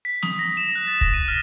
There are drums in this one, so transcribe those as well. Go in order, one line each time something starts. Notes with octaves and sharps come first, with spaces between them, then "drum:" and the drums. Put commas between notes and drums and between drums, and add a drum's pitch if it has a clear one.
B6
D#6, drum: snare
A#6
E7
F#6
A6
A#6, drum: kick
D#7
F6